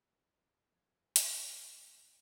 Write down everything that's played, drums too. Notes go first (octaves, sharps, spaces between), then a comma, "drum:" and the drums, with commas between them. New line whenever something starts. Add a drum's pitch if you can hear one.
F3 G#6
drum: hi-hat
A#3 C4 E4 A4 D#5